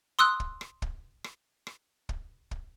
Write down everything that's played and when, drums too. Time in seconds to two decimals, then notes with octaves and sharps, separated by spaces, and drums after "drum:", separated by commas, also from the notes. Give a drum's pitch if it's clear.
0.19 C6 D#6 E6 F#6
0.40 drum: kick
0.61 drum: rim click
0.82 drum: kick
1.24 drum: rim click
1.67 drum: rim click
2.09 drum: kick
2.51 drum: kick